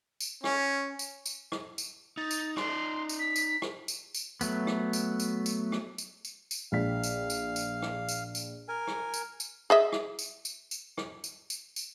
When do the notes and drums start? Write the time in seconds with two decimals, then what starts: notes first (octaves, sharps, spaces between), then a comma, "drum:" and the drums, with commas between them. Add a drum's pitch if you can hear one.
0.20 drum: tambourine
0.44 C#4, drum: rim click
0.99 drum: tambourine
1.26 drum: tambourine
1.52 drum: rim click
1.78 drum: tambourine
2.17 D#4 A6
2.31 drum: tambourine
2.57 D#4 D5 C6, drum: rim click
3.09 drum: tambourine
3.19 B6
3.36 drum: tambourine
3.62 drum: rim click
3.88 drum: tambourine
4.14 drum: tambourine
4.41 F#3 A3 B3, drum: tambourine
4.67 drum: rim click
4.93 drum: tambourine
5.20 drum: tambourine
5.46 drum: tambourine
5.72 drum: rim click
5.98 drum: tambourine
6.25 drum: tambourine
6.51 drum: tambourine
6.72 A#1 F5 B6
7.03 drum: tambourine
7.30 drum: tambourine
7.56 drum: tambourine
7.82 drum: rim click
8.09 drum: tambourine
8.35 drum: tambourine
8.68 A#4 G#5
8.87 drum: rim click
9.14 drum: tambourine
9.40 drum: tambourine
9.70 G#4 D#5 E5
9.92 drum: rim click
10.19 drum: tambourine
10.45 drum: tambourine
10.71 drum: tambourine
10.98 drum: rim click
11.24 drum: tambourine
11.50 drum: tambourine
11.76 drum: tambourine